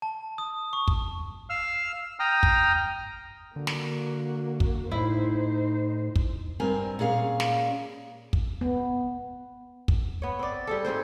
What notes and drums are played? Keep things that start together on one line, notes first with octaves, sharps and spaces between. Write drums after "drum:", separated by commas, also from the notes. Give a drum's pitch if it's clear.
A5
D#6
C#6
drum: kick
F5 E6 F6
G5 A#5 D#6 F6
drum: kick
D3 A#3 F#4
drum: snare
drum: kick
A2 D#4 E4 C5
drum: kick
G2 C4 A#4 G#5
A#2 C#4 G#4 F5
drum: snare
drum: kick
B3
drum: kick
B3 C#5
C4 D5
G3 G#4 A4
G#2 C4 G#4 C5